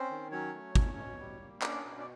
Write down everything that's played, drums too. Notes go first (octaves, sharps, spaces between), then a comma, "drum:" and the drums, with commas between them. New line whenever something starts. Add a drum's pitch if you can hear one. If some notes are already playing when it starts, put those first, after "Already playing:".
Already playing: C4 C#4 C5
D#3
F#3 C#4 C#5
A3
C#4, drum: kick
B2
G3
A#3
C#4 D4 D5, drum: clap
B2
D5